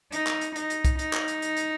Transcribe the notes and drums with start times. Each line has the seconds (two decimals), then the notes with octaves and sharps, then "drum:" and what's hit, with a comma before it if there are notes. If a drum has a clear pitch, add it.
0.12 D#4, drum: hi-hat
0.27 drum: clap
0.41 drum: hi-hat
0.56 D#4, drum: hi-hat
0.70 drum: hi-hat
0.85 drum: kick, hi-hat
0.99 D#4, drum: hi-hat
1.13 drum: clap
1.28 drum: hi-hat
1.42 drum: hi-hat
1.57 drum: hi-hat